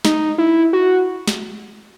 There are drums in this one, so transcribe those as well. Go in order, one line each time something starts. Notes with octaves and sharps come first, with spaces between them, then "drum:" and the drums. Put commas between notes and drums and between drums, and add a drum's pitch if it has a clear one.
D#4, drum: snare
E4
F#4
drum: snare